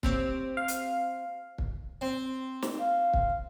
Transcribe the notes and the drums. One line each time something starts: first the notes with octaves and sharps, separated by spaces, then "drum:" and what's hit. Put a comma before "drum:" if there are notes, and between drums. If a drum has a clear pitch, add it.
C4 G4 C#5, drum: kick
F5
drum: hi-hat
drum: kick
C4
drum: snare
F5
drum: kick